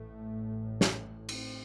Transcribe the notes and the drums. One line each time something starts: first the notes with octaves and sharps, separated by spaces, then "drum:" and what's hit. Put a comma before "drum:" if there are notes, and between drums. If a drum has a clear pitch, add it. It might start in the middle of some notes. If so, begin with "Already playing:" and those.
Already playing: A1 A2 A3
drum: snare
C4, drum: cymbal